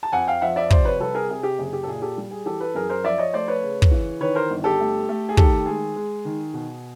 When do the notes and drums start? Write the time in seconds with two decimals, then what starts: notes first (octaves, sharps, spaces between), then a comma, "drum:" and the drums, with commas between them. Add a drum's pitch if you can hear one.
0.03 A5
0.12 F2 F#5 G#5
0.27 F5 G5
0.41 F3 E5 F#5
0.56 D5 E5
0.70 C3 C5 D5, drum: kick
0.85 B4 C#5
1.00 C2 A4 B4
1.15 G#4 A#4
1.29 C3 G#4
1.43 G4
1.58 F#1 G#4
1.73 G4
1.83 A4
1.87 A#2 G#4
2.02 G4 A4
2.17 G3
2.31 G#4
2.46 E3 G4 A4
2.60 A4 B4
2.75 F#2 G#4 A#4
2.89 A#4 C5
3.04 F3 D5 E5
3.18 C#5 D#5
3.33 A3 C5 D5
3.48 B4 C#5
3.63 C#3
3.82 drum: kick
3.91 E3
4.21 D#3 B4 C#5
4.35 A#4 C5
4.50 G1
4.64 G4 A4
4.80 A3
5.09 A3
5.29 G#4
5.37 D#3 G4 A4, drum: kick
5.66 G#3 G#4
5.96 G#3
6.25 D#3
6.54 B2